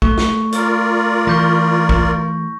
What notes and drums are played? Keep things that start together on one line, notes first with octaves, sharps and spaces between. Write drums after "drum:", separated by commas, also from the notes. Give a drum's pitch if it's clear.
A3 C#6, drum: kick
drum: snare
F4 A#4 D5, drum: hi-hat
E3 C#6 G6 A#6
drum: kick